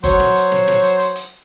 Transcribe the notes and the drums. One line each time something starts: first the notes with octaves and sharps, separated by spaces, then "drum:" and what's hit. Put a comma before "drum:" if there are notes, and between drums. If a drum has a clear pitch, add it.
F#3 F#4 C5 C#5, drum: kick F#1, hi-hat
drum: snare
drum: hi-hat
drum: snare
drum: snare
drum: hi-hat
drum: hi-hat
drum: hi-hat